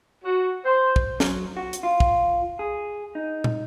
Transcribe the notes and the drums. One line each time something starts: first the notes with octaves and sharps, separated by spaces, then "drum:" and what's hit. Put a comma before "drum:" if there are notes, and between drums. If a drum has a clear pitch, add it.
F#4
C5
drum: kick
F#3, drum: snare
F#4
drum: hi-hat
F4
drum: kick
G#4
D#4
drum: tom